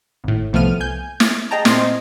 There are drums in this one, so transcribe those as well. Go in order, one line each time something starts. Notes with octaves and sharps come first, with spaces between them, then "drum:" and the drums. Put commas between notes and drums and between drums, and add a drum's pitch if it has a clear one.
G#1 A2
C2 F3 A3 B3 F6 D#7
G#5 G6
drum: snare
G#4 D#5 G5 A5 A#5
A#2 C4 C5 D#5 C6, drum: snare